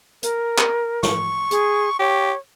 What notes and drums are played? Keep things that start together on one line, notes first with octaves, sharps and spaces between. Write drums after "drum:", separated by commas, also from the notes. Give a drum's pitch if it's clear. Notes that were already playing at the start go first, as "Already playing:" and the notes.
A#4, drum: hi-hat
drum: clap
C#6, drum: snare
G#4, drum: hi-hat
G4 C#5